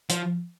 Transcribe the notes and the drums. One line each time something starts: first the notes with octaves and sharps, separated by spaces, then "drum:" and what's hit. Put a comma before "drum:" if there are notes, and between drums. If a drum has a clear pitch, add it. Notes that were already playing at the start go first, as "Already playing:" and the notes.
F3, drum: hi-hat